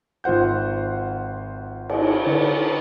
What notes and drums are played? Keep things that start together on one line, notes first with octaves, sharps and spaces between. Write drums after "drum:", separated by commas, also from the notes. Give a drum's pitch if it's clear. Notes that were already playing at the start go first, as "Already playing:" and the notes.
G#1 F4 C5 F#5 G6
drum: cymbal
D3 B4